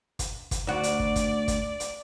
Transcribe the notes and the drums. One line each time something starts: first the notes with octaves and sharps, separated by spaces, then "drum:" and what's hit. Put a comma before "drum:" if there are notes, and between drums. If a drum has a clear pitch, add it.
drum: kick, hi-hat
drum: kick, hi-hat
D2 F#4 D5
drum: hi-hat
drum: kick
drum: kick, hi-hat
drum: kick, hi-hat
drum: hi-hat